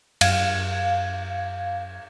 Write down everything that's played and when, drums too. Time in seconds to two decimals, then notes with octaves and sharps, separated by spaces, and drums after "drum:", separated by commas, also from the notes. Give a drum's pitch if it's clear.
0.21 F#2 F5 G#6, drum: cymbal